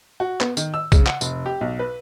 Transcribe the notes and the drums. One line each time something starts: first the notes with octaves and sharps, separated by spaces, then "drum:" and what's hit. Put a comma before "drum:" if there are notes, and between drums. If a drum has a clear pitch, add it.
F#4
B3, drum: clap
D#3, drum: tambourine
E6
C#3, drum: kick, tambourine
F#5, drum: clap
F1, drum: tambourine
G4
B1
B4